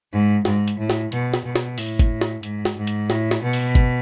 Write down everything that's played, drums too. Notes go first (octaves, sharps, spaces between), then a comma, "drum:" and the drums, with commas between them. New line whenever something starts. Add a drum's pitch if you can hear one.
G#2
G#2, drum: snare
drum: hi-hat
A2
drum: snare
B2, drum: hi-hat
drum: snare
B2
drum: snare
A2, drum: open hi-hat
drum: kick G1, hi-hat
drum: snare
G#2, drum: hi-hat
drum: snare
G#2
drum: hi-hat
A2, drum: snare
drum: snare
B2
drum: open hi-hat
drum: kick G1, hi-hat